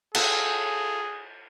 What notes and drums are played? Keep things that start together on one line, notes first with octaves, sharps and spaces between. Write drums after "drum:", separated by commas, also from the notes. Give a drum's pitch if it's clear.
F4 G#4 A4, drum: cymbal